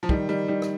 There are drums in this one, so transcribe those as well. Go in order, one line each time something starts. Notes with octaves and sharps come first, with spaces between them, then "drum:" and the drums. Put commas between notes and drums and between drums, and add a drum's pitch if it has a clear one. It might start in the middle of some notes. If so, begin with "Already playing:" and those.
F3
D#3 G3, drum: kick
D#3 G3
D#3 G3
drum: rim click